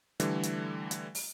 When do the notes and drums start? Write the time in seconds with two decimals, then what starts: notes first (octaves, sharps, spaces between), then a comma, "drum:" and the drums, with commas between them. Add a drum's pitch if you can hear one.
0.20 D3 E3 G3 A3, drum: hi-hat
0.43 drum: hi-hat
0.91 drum: hi-hat
1.15 drum: open hi-hat